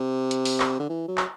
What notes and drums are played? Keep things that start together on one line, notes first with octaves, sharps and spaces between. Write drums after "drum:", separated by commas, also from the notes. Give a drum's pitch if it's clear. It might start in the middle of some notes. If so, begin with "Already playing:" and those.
Already playing: C3
drum: hi-hat
drum: open hi-hat
drum: clap
D3
E3
F#3
drum: clap